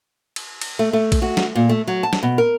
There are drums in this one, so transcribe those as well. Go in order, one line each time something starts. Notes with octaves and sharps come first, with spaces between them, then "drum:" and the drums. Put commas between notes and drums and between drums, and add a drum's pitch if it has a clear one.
drum: cymbal
drum: cymbal
A3
A3
drum: kick A#1, cymbal
F#4
drum: snare
A#2
A3
F#3
A5
drum: snare
B2
A#4